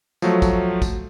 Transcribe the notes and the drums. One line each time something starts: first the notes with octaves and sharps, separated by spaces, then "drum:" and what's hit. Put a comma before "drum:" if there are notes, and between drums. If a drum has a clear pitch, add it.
F3 F#3 A3, drum: tambourine
drum: kick, tambourine
drum: kick, tambourine